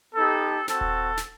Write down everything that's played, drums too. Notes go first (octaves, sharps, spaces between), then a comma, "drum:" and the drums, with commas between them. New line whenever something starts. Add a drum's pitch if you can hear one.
B3 D#4 G4 A4
C4 F#4 A4, drum: snare
drum: kick D#1
drum: snare